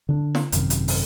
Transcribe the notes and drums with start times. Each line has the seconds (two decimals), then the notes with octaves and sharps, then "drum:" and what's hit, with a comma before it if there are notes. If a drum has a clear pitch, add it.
0.09 D3 D4
0.35 drum: snare
0.52 G#1 F#2 C3 D#3, drum: hi-hat
0.70 drum: hi-hat
0.88 drum: open hi-hat